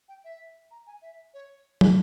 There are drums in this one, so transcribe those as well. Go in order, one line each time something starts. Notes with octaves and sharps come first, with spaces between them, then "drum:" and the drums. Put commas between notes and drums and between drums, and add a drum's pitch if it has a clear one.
G5
E5
A#5
G#5
E5
C#5
A#4, drum: tom